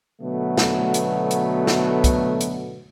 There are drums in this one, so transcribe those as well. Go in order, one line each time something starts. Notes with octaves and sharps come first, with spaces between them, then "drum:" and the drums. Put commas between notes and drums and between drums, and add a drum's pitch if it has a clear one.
B2 D3 F#3 A3 B3
drum: snare
drum: hi-hat
drum: hi-hat
drum: snare
drum: kick, hi-hat
drum: hi-hat